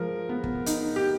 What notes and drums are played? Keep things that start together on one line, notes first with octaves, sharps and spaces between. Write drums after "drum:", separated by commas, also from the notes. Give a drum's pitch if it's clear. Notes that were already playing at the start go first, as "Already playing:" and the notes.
Already playing: F3 G#3 A#4
B3
drum: kick
D#4, drum: hi-hat
G4